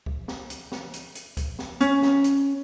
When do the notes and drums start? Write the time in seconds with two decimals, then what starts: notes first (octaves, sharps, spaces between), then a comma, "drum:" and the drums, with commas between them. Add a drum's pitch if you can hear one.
0.06 drum: kick C#2
0.28 drum: snare
0.50 drum: hi-hat
0.72 drum: snare
0.93 drum: hi-hat
1.15 drum: hi-hat
1.37 drum: kick C#2, hi-hat
1.59 drum: snare
1.80 C#4, drum: hi-hat
2.02 drum: snare
2.24 drum: hi-hat